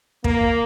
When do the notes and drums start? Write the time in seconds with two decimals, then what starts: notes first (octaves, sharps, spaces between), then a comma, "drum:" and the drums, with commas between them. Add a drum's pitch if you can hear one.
0.24 A#3, drum: kick